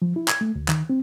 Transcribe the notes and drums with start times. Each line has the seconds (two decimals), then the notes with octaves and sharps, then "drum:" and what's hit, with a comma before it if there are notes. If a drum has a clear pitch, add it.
0.02 F3
0.16 E4
0.28 G#6, drum: clap
0.41 A3
0.56 D2
0.68 D#3, drum: clap
0.90 C4